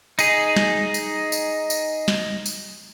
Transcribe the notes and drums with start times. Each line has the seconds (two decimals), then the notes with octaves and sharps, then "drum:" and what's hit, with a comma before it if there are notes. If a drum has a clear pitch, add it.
0.19 D#4 G#4, drum: tambourine
0.56 drum: snare
0.94 drum: tambourine
1.32 drum: tambourine
1.70 drum: tambourine
2.08 drum: snare
2.46 drum: tambourine